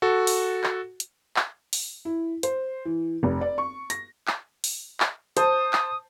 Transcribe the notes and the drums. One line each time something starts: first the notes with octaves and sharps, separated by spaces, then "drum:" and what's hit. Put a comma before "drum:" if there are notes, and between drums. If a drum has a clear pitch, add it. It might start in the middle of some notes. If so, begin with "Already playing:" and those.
F#4 A4
drum: open hi-hat
drum: clap
drum: hi-hat
drum: clap
drum: open hi-hat
E4
C5, drum: hi-hat
E3
F1
D5
C#6
A#6, drum: hi-hat
drum: clap
drum: open hi-hat
drum: clap
C5 A5 D#6, drum: hi-hat
drum: clap